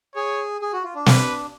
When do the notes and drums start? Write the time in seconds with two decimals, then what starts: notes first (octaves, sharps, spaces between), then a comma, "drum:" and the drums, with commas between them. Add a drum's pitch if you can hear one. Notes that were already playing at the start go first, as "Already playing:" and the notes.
0.15 G#4 C#5
0.62 G#4
0.73 F#4
0.84 F4
0.95 D4
1.06 B4, drum: snare